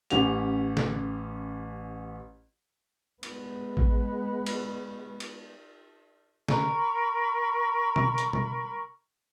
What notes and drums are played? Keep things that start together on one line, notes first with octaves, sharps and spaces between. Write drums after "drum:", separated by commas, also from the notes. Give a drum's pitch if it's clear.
A1 C#4 G4 F#5 F7, drum: hi-hat
drum: snare
G#3 B3, drum: cymbal
drum: kick A1
drum: cymbal
drum: cymbal
A#4 B5 C#6, drum: snare
drum: tom B2
drum: hi-hat
drum: tom B2